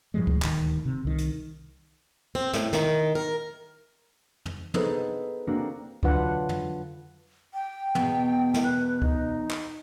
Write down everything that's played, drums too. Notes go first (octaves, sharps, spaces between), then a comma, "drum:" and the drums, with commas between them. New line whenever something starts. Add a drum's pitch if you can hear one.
A2 F3 G3 G#3
drum: kick C#2
D1 D#2 D#3, drum: clap
C3
C2 D#3
drum: hi-hat
C4
A2, drum: snare
D#3, drum: snare
A#4
drum: tom
B3 D#4 G#4 A4 B4 C5, drum: tom
A#3 C4 D4 F#4
D3 F#3 D4 F4 B4 F#5, drum: kick C#2
drum: tom
G5
E2 B2 B3, drum: tom
drum: snare
B4
D#4, drum: kick C#2
drum: clap